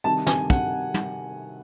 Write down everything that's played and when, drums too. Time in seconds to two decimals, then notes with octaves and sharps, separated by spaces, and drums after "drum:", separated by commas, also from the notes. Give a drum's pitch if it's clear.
0.04 C3 D#3 G3 A5
0.27 G#5, drum: snare
0.50 F#5, drum: kick
0.94 drum: tom